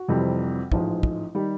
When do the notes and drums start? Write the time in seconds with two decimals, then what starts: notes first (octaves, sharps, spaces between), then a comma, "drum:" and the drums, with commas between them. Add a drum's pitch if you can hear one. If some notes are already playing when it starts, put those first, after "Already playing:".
Already playing: F#4
0.08 F2 C3 E3 G3
0.72 A1 G#2 F3 G#3, drum: kick
1.03 drum: kick
1.35 D#3 G3 G4